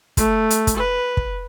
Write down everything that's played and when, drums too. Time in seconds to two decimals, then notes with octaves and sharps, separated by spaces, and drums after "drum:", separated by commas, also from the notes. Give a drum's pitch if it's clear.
0.17 A3, drum: kick, hi-hat
0.50 drum: hi-hat
0.67 drum: kick, hi-hat
0.77 B4
1.17 drum: kick